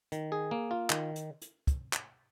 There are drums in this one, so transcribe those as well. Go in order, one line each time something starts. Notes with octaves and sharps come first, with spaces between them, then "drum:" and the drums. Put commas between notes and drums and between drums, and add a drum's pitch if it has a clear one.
D#3, drum: hi-hat
G#4
A#3
F4
D#3, drum: clap
drum: hi-hat
drum: hi-hat
drum: kick, hi-hat
drum: clap